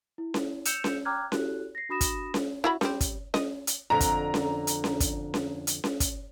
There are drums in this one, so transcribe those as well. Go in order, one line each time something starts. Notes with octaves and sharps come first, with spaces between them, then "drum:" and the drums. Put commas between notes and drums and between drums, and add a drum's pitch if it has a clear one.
E4
drum: snare C#4
E6 G6 C#7 E7 F7, drum: hi-hat
drum: snare C#4
G5 A#5 D6 F6 F#6 G#6
E4 F#4 G4 A4 F#6, drum: snare C#4
A#6 C7
D4 F#4 B5 D#6 A#6 E7
drum: kick, hi-hat
drum: snare C#4
E4 F#4 B5
G3 C4, drum: snare C#4
drum: kick, hi-hat
D#5, drum: snare C#4
drum: hi-hat
F2 D3 A#5
drum: kick, hi-hat
drum: snare C#4
drum: hi-hat
drum: snare C#4
drum: kick, hi-hat
drum: snare C#4
drum: hi-hat
drum: snare C#4
drum: kick, hi-hat